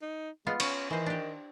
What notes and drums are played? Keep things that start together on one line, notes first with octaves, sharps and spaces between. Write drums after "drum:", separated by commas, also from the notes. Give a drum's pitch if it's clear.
D#4
G#3 B3 F4
C#4 C#5, drum: cymbal
D#3 E3 C5
D4 G4